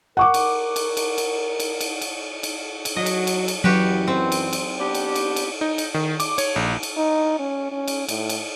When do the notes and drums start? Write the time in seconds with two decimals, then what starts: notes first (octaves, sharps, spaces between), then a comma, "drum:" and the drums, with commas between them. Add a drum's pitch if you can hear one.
0.17 A#4 F#5 C#6 D6
0.34 drum: cymbal
0.76 drum: cymbal
0.97 drum: cymbal
1.18 drum: cymbal
1.60 drum: cymbal
1.81 drum: cymbal
2.01 drum: cymbal
2.43 drum: cymbal
2.85 drum: cymbal
2.96 F#3 D#5
3.06 drum: cymbal
3.27 drum: cymbal
3.48 drum: cymbal
3.64 F#2 E3 F#3 F#4 G4 B4
4.08 C4
4.32 drum: cymbal
4.53 drum: cymbal
4.80 B3 D4 G4
4.95 drum: cymbal
5.15 drum: cymbal
5.36 drum: cymbal
5.61 D#4
5.78 drum: cymbal
5.94 D#3
6.20 D6, drum: cymbal
6.38 C#5, drum: cymbal
6.56 A#1
6.83 drum: cymbal
6.97 D#4
7.39 C#4
7.72 C#4
7.88 drum: cymbal
8.08 A2, drum: cymbal
8.29 drum: cymbal